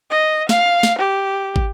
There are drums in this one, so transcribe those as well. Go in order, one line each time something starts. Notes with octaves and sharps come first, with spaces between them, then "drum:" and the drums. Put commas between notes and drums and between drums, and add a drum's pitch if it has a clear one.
D#5
F5, drum: snare
drum: snare
G4
drum: kick